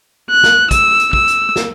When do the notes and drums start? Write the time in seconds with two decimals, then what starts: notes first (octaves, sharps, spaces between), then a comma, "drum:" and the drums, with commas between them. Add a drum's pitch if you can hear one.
0.30 F#6
0.43 drum: snare
0.71 E6, drum: kick, hi-hat
1.00 drum: hi-hat
1.13 E6, drum: kick
1.28 drum: hi-hat
1.56 drum: snare